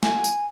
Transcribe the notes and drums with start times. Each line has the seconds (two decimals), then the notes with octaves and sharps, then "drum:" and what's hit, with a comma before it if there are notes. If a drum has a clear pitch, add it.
0.03 G#5, drum: snare
0.24 drum: tambourine